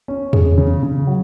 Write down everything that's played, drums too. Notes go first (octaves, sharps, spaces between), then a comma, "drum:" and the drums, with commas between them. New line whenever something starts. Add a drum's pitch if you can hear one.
C#4
G#4, drum: tom E2
C#3
C#3
F#3